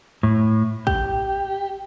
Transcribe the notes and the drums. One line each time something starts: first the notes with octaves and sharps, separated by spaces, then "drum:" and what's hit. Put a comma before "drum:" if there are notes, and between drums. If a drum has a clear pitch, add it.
A2
G4, drum: kick